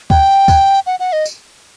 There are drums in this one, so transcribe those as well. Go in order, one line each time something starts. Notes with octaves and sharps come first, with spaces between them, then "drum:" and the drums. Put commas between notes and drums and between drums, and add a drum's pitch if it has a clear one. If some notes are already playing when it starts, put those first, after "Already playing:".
G5, drum: kick D2
drum: kick D2, tambourine
F#5
F#5
D#5
drum: tambourine